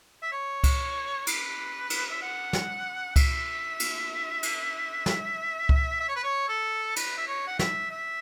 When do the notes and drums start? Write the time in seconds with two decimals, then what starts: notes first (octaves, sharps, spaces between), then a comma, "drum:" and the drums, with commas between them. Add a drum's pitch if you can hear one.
0.23 E5
0.32 C#5
0.64 drum: kick C#2, cymbal
1.27 B4, drum: cymbal
1.90 drum: cymbal
2.11 E5
2.22 F#5
2.53 drum: snare
3.16 E5, drum: kick C#2, cymbal
3.80 drum: cymbal
4.43 drum: cymbal
5.06 drum: snare
5.69 drum: kick C#2
6.00 E5
6.08 C#5
6.16 B4
6.24 C#5
6.48 A4
6.96 B4, drum: cymbal
7.18 E5
7.28 C#5
7.47 F#5
7.59 E5, drum: snare
7.91 E5